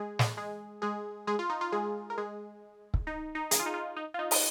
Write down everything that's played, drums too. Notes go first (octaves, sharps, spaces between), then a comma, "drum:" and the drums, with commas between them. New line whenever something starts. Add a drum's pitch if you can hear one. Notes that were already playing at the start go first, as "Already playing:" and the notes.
Already playing: G#3 G#4
drum: snare
G#3 G#4
G#3 G#4
G#3 G#4
F4
D#4
F4
G#3 G#4
A#4
G#3 G#4
drum: kick
D#4
D#4
G#4, drum: hi-hat
F4
D#4
F4
D#4
F4
D#4
D#4, drum: open hi-hat